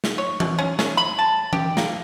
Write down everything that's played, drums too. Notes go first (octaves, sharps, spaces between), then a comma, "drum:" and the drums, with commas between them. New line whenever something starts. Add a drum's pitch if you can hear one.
drum: snare
C#5
drum: tom E3
C#4
C#4, drum: snare
B5
A5
G4, drum: tom E3
A#3, drum: snare